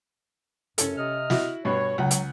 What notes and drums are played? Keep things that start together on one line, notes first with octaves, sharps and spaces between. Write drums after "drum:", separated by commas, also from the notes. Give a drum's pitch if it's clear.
F#2 C#4 A4, drum: hi-hat
C3 D#5 F6
E4 F#4, drum: snare
G2 B2 C#5
C#2 F#3 F#5
drum: hi-hat